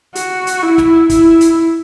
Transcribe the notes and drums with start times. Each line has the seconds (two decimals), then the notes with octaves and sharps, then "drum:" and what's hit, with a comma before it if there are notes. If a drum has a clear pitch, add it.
0.15 F#4, drum: hi-hat
0.47 drum: hi-hat
0.63 E4
0.78 drum: snare
1.10 E4, drum: kick, hi-hat
1.41 drum: hi-hat